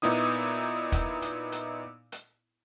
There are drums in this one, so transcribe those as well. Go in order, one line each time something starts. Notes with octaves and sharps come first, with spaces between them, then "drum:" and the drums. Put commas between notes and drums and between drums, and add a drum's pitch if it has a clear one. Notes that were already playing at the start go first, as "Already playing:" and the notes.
A#2 B3 D#4 E4 D#6
drum: kick, hi-hat
drum: hi-hat
drum: hi-hat
drum: hi-hat